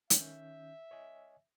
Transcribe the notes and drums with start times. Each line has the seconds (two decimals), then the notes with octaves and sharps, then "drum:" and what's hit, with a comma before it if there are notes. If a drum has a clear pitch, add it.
0.10 D#3 C#4 E5 G6, drum: hi-hat
0.91 C#5 D#5 G#5